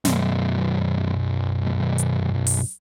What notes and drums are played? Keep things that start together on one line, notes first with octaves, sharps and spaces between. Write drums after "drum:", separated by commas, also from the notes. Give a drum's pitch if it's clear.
B1 F#2, drum: snare
drum: hi-hat
drum: open hi-hat